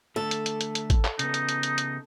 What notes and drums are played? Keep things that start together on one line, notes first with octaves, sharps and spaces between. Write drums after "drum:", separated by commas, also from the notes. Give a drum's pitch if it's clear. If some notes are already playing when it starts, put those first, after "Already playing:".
D3 A3 A4
drum: hi-hat
drum: hi-hat
drum: hi-hat
drum: hi-hat
drum: kick G#1, hi-hat
drum: clap
C#3 B3 D#4, drum: hi-hat
drum: hi-hat
drum: hi-hat
drum: hi-hat
drum: hi-hat